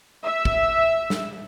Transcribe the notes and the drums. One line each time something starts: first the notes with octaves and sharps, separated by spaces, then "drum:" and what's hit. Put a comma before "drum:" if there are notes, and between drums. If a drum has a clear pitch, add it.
E5
drum: kick
drum: snare